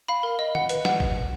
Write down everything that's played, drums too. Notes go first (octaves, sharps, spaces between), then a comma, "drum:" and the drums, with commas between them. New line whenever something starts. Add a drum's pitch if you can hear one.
F5 B5
A#4
D#5
F#5, drum: tom D#3
B4, drum: hi-hat
F#5, drum: snare
drum: kick G#1